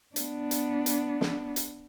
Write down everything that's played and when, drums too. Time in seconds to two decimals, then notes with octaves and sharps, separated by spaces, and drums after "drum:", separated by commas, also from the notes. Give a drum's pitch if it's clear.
0.16 B3 D4, drum: hi-hat
0.51 drum: hi-hat
0.86 drum: hi-hat
1.21 drum: snare
1.56 drum: hi-hat